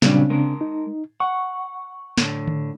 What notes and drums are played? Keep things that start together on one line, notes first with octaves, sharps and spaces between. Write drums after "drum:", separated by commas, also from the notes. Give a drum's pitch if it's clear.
A#2 C#3 F#3 G3 C4 D4, drum: snare
G#3 A#4
D#4
F#5 C#6
A2 D3, drum: snare
drum: tom D3